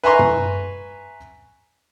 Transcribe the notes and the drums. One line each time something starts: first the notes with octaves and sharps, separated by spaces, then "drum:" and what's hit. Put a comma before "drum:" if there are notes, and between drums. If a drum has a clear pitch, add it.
B4 E5 G#5 A#5 C6 C#6
drum: tom